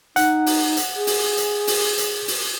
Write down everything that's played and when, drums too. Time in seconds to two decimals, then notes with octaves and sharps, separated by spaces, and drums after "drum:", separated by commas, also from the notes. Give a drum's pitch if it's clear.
0.16 D#4 F#5, drum: hi-hat
0.46 drum: open hi-hat
0.77 drum: hi-hat
0.96 G#4
1.07 drum: open hi-hat
1.37 drum: hi-hat
1.67 drum: open hi-hat
1.98 drum: hi-hat
2.28 drum: open hi-hat